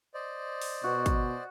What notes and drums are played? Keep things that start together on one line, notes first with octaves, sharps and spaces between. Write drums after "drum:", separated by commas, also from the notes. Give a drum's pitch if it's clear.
C5 D5 D#5
drum: open hi-hat
B2 F#4
drum: kick, hi-hat